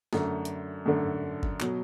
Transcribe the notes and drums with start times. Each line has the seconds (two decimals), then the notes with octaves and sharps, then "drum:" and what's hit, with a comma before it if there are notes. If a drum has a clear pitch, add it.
0.13 F#2 D3 A3, drum: snare
0.45 drum: hi-hat
0.86 F#2 D3 A3
1.43 drum: kick G1
1.61 B2 F#3, drum: clap